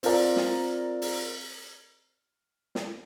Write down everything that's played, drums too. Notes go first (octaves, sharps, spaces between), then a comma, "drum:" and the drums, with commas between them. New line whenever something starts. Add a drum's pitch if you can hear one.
C4 F4 A#4 D5, drum: open hi-hat
drum: snare
drum: open hi-hat
drum: snare